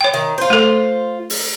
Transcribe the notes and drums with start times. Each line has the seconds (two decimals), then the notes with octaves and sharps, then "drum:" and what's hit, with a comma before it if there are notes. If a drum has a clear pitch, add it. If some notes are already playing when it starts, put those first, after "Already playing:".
0.01 C#5 G5
0.14 D#3
0.38 F4 C5
0.50 A3 A4
1.30 drum: open hi-hat